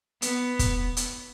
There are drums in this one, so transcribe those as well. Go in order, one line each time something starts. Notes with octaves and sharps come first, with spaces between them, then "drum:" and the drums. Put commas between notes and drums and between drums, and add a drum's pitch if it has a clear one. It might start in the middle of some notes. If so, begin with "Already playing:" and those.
B3, drum: hi-hat
drum: kick, hi-hat
drum: hi-hat